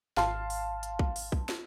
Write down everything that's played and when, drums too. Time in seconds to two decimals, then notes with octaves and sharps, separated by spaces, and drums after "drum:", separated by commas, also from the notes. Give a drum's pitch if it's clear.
0.17 G#1 F5 A5 C6, drum: snare
0.50 drum: open hi-hat
0.83 drum: hi-hat
0.99 drum: kick B1
1.16 drum: open hi-hat
1.32 drum: kick B1
1.49 drum: snare